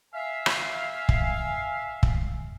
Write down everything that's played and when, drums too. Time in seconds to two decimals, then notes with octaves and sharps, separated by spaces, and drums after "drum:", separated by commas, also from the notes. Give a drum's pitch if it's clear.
0.15 E5 F5 G#5
0.46 drum: rim click
1.09 drum: kick
2.03 drum: kick